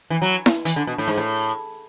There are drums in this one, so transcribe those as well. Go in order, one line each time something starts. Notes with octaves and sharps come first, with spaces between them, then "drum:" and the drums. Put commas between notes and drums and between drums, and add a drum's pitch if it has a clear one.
E3
F#3
drum: snare E4
E3, drum: hi-hat
D3
B2
A2
G#2
A2